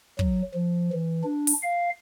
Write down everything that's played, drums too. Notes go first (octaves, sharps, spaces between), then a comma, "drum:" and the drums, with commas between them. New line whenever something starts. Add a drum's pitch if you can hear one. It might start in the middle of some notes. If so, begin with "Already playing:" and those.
F#3, drum: kick
F3
E3
D4
drum: open hi-hat
F5